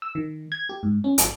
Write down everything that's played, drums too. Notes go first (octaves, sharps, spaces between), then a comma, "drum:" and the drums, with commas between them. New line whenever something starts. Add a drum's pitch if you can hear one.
E6
D#3
G#6
G4
G#2
C#4
G#1, drum: hi-hat